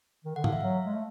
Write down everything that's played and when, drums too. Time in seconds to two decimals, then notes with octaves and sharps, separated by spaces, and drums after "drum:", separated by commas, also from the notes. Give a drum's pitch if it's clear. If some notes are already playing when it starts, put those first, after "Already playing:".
0.25 D#3
0.36 D3 F#5
0.44 F5, drum: tom G#2
0.53 E5
0.61 F#3 F5
0.86 G#3
0.94 A3